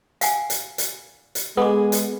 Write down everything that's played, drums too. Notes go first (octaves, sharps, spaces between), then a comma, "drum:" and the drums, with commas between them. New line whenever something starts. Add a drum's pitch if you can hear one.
F5 F#5 G#5, drum: hi-hat
drum: hi-hat
drum: hi-hat
drum: hi-hat
G#3 B3 G#4 A4 D6
drum: hi-hat